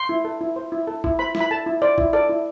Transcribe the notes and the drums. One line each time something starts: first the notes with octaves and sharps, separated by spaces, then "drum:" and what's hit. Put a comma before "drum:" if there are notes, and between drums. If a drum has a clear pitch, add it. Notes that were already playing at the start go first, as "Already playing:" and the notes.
Already playing: C6
E4
A4
E4
C5
E4
A4
E4, drum: kick A1
C5 B5
E4, drum: snare
B5
A4 A5
E4
C5 D5
E4, drum: kick A1
A4 D5
E4